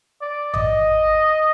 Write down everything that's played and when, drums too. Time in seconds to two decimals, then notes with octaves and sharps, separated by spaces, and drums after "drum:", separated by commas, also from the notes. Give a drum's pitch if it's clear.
0.22 D5
0.54 D#5, drum: tom A1